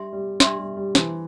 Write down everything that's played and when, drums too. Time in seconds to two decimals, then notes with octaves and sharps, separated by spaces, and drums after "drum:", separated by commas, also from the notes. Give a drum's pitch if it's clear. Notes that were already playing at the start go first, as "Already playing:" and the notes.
Already playing: G3 D4 G4 E5 C6
0.13 G3
0.40 G3 D4 G4 E5 C6, drum: snare
0.58 G3
0.77 G3
0.95 E3 C5 A5 C6, drum: snare